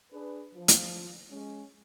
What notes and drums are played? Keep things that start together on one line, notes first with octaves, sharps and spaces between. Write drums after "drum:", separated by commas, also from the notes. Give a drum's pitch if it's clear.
D4 G#4 B4
F3
drum: hi-hat
G#3 C#4